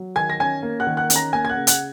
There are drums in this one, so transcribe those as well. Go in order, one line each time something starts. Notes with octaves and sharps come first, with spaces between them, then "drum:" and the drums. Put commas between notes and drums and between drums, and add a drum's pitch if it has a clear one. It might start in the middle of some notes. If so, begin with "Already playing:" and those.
Already playing: F#3
D#3 G#5 G#6
A#6
C#4 G#5 G#6
A#3
F#5 F#6
D#3
F#5 F#6
C#4, drum: hi-hat
A#5 A#6
A#3 G#5 G#6
G#6
F#5 F#6
C#3
F#5 F#6, drum: hi-hat